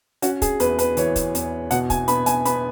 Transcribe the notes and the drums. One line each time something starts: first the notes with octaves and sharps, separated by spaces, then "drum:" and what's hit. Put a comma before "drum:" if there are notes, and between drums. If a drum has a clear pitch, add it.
C#4 F#4, drum: hi-hat
G#4, drum: kick, hi-hat
E2 B4, drum: hi-hat
B4, drum: hi-hat
E3 C#5, drum: hi-hat
drum: kick, hi-hat
E2, drum: hi-hat
B2 F#5, drum: hi-hat
G#5, drum: kick, hi-hat
B3 B5, drum: hi-hat
G#5, drum: hi-hat
B3 B5, drum: hi-hat